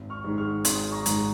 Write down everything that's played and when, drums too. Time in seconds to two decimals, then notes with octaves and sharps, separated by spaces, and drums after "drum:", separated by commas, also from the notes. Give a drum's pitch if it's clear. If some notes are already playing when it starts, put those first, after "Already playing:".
Already playing: G#1
0.10 C#6 F6
0.24 G#2 D#3 G#3
0.38 C#6 F6
0.65 G#1 C6 D#6, drum: hi-hat
0.91 A#5 C#6
1.06 G#2 D#3 G#3, drum: hi-hat